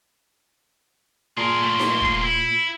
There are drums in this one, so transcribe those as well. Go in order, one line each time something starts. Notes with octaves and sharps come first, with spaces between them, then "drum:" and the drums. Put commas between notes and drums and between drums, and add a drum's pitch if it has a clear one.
A#2 G#4 A#4 C6
A3 A#3
drum: snare D#4
drum: kick
E4